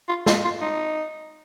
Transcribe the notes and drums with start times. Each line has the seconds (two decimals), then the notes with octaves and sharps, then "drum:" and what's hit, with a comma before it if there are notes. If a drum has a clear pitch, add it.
0.09 F4
0.26 F4, drum: snare
0.44 F4
0.61 D#4